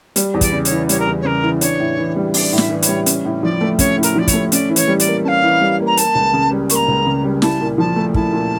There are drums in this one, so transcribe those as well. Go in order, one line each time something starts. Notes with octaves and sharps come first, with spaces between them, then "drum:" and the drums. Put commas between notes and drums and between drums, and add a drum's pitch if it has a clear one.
G3, drum: hi-hat
E2
D5, drum: kick, hi-hat
C#3
C#5, drum: hi-hat
E3
G3 C#5, drum: hi-hat
A#4
E2
C#5
C#3 A#4
E3
D4 C#5, drum: hi-hat
A2
E3
G3
D4 D5, drum: open hi-hat
A2
E5, drum: snare
E3
C#5, drum: hi-hat
G3
C#4, drum: hi-hat
A2
F3 D5
A3
C#4 C#5, drum: kick, hi-hat
A2
A#4, drum: hi-hat
F3 D5
C#5, drum: kick, hi-hat
A3
C#4 D5, drum: hi-hat
E3
C#5, drum: hi-hat
G3
D5, drum: hi-hat
A#3
C#4 F5 A5
E3
G3
A#3
A#5
A#3 A5, drum: hi-hat
C#2
C#3
G3
A#3 C#6, drum: hi-hat
A#5
C#2
C#3
G3
E4 A5, drum: snare
A#2
F3 A5
A3
E4 A5, drum: kick
A#2